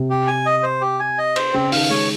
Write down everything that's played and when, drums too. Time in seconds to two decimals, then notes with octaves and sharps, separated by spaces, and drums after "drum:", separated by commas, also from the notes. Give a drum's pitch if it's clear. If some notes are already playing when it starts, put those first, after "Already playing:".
Already playing: C3
0.10 G4
0.27 G#5
0.46 D#5
0.63 C5
0.81 G4
1.00 G#5
1.18 D#5
1.36 C5, drum: cymbal
1.53 C#3 C4
1.72 D#3 F5, drum: open hi-hat
1.90 G#3 C#5